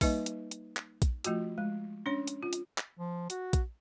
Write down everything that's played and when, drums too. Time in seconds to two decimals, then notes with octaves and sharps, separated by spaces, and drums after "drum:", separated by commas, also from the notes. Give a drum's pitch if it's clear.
0.01 G3 A#3 D#4 B4 D#5, drum: kick A#1, open hi-hat
0.26 drum: hi-hat
0.51 drum: hi-hat
0.77 drum: clap
1.02 drum: kick A#1, hi-hat
1.24 F3 A3 F4 F#4, drum: hi-hat
1.58 G#3
2.06 C#4 D4 C#5
2.27 drum: hi-hat
2.43 F4
2.53 drum: hi-hat
2.78 drum: clap
2.97 F3
3.30 F#4, drum: hi-hat
3.53 drum: kick A#1, hi-hat